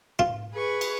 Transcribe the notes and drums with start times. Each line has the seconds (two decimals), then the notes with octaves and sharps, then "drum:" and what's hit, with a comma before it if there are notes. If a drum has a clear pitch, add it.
0.19 F4, drum: tom
0.54 G#4 B4 C#6
0.81 drum: cymbal